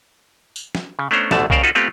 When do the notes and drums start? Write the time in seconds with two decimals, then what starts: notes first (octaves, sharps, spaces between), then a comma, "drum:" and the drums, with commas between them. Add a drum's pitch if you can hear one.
0.56 drum: tambourine
0.75 drum: snare
0.99 C#3
1.11 A3 B3 C#4 D4 C5 A#5
1.31 A1 D2 B2 D3 A3 A5, drum: snare
1.50 D#2 C#3 A#4 C5 D5 F5, drum: kick B1
1.63 D#4 F4 F#4 A4 B4
1.75 A3 B3 C4 F4 G4